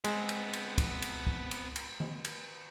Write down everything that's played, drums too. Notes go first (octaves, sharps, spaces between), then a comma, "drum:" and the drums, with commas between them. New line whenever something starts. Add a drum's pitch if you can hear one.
G#3 B3 C4, drum: cymbal
drum: cymbal
drum: cymbal
drum: kick, cymbal
drum: cymbal
drum: kick
drum: cymbal
drum: cymbal
drum: tom D#3
drum: cymbal